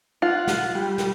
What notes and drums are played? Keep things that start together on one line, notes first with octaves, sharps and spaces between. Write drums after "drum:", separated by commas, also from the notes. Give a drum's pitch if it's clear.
F4 F#5
drum: snare
G3
drum: snare